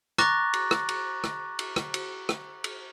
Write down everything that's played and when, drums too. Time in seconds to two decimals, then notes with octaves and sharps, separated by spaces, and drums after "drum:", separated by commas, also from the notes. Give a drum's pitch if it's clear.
0.18 A#5 C#6 D6 F#6 A6 A#6, drum: rim click
0.54 drum: cymbal
0.71 drum: rim click
0.89 drum: cymbal
1.24 drum: rim click
1.59 drum: cymbal
1.76 drum: rim click
1.94 drum: cymbal
2.29 drum: rim click
2.64 drum: cymbal